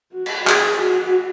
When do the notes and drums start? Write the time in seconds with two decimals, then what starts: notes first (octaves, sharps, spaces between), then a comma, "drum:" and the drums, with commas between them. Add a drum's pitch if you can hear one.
0.13 F#4
0.26 drum: cymbal
0.47 G#4, drum: clap
0.81 F#4